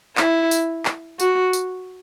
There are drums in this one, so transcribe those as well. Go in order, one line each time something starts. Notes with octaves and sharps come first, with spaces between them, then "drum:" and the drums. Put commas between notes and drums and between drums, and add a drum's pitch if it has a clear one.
E4, drum: clap
drum: tambourine
drum: clap
F#4, drum: tambourine
drum: tambourine